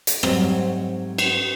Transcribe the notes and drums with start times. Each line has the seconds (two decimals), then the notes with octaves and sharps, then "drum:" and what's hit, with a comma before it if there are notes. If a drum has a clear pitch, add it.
0.07 drum: hi-hat
0.23 G#2 F#3 G3 A3 C4, drum: rim click
1.18 drum: cymbal